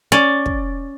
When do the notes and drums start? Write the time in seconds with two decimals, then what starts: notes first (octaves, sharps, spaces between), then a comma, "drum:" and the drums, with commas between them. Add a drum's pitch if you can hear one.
0.12 C#4 D5
0.46 drum: kick